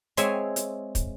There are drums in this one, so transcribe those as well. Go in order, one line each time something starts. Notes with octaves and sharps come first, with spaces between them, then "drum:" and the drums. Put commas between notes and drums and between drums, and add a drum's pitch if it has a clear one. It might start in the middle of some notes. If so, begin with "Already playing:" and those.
G#3 C4 G#4 C#5 E5 G#5, drum: hi-hat
drum: hi-hat
drum: kick, hi-hat